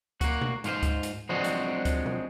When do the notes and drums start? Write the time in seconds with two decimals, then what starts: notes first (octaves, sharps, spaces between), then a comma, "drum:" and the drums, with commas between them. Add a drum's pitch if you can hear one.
0.21 A#3 F#4, drum: kick D2, hi-hat
0.42 drum: tom B2
0.64 G#2 F4 G4 C5, drum: hi-hat
0.83 drum: kick D2, hi-hat
1.03 drum: hi-hat
1.29 F3 F#3 G#3 C4 D4 F#4
1.44 drum: hi-hat
1.85 drum: kick D2, hi-hat
2.06 drum: tom B2